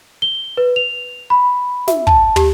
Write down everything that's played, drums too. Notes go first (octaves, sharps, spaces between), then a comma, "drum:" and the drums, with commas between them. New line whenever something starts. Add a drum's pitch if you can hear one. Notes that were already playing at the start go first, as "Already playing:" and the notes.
G7
B4
F7
B5
E5, drum: snare
A5, drum: kick
G4, drum: tom